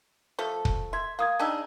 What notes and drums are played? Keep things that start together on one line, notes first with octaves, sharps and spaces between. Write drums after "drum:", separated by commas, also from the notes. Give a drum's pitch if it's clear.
F3 A3 A4
drum: kick
E5 C6 G#6
A#3 F5 D#6 G#6
C#3 D4 D#4 G5 E6